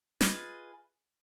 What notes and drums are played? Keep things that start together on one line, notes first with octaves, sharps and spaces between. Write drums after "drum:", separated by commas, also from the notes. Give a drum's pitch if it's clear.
F4 G#4 B4 D#5, drum: snare